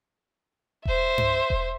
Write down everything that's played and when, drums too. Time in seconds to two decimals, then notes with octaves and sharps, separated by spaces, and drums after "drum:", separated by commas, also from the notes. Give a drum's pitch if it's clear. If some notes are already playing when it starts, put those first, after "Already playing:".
0.85 C5 E5, drum: kick E1
1.18 drum: tom G2
1.50 drum: kick E1